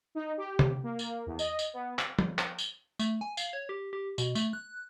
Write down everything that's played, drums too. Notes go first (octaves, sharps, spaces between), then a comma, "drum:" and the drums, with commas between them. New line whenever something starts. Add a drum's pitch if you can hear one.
D#4
G4
drum: tom
A#3
drum: tambourine
E2
D#5, drum: tambourine
drum: tambourine
B3
drum: clap
drum: tom
drum: clap
drum: tambourine
A3, drum: tambourine
G#5
F5, drum: tambourine
C#5
G4
G4
B2, drum: tambourine
A3, drum: tambourine
F#6